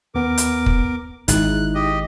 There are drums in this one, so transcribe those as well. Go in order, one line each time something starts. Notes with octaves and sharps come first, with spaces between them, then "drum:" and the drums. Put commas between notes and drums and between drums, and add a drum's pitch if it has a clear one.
D#2 B3 A#4 D6
drum: hi-hat
drum: kick
G#1 G#2 D#4 E4 F#6, drum: hi-hat
G4 D#5